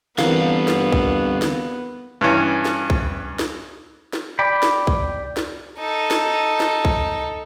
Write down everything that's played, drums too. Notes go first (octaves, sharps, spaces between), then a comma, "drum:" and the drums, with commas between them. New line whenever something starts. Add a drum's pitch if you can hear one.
D3 E3 G3 B3 C4 A#4 F5, drum: snare
drum: snare
drum: kick C2
drum: snare
G2 E3 C#4
drum: snare
drum: kick C2
drum: snare
drum: snare
D5 G5 B5
drum: snare
drum: kick C2
drum: snare
D#4 A4
drum: snare
drum: snare
drum: kick C2